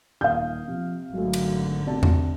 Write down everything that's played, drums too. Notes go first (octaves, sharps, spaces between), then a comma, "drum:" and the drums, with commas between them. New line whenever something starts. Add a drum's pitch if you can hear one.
D#1 D#3 F5 D#6 G6
C3 F3
G#1 D3 F#3 G#3 A3
drum: cymbal
D2 C3 D5 A5
drum: tom E2